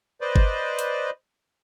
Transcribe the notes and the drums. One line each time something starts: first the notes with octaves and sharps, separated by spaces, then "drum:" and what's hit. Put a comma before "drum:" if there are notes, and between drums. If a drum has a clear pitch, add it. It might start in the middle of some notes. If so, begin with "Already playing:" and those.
B4 C5 D5 D#5
drum: kick G1
drum: hi-hat